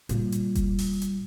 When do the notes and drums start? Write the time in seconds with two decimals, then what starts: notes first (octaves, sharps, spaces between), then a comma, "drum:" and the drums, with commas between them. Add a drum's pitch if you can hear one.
0.09 A#2 G3, drum: hi-hat
0.32 drum: hi-hat
0.55 drum: kick F1, hi-hat
0.78 drum: open hi-hat
1.02 drum: hi-hat